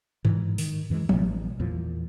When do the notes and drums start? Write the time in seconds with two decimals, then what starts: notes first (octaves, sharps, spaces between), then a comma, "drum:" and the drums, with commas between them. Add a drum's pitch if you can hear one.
0.25 G#2 E3, drum: tom G2
0.58 D#3, drum: open hi-hat
0.90 F#2 E3 G3 G#3
1.09 A1 B2, drum: tom
1.60 E2 A#2 F3